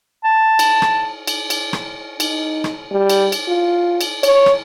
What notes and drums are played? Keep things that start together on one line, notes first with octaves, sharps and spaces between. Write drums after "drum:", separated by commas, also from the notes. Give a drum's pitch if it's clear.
A5
drum: cymbal
drum: rim click
drum: cymbal
drum: cymbal
drum: rim click
D#4, drum: cymbal
drum: rim click
G3
drum: cymbal
drum: cymbal
F4
drum: cymbal
C#5, drum: cymbal
drum: rim click